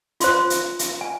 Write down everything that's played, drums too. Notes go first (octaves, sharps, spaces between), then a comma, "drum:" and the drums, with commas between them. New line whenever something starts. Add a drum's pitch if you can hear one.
F4 C5 C6, drum: hi-hat
drum: hi-hat
drum: hi-hat
G#5